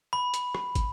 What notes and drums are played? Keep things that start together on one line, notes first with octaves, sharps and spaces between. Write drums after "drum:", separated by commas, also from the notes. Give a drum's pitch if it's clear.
B5
drum: hi-hat
drum: rim click
drum: kick, hi-hat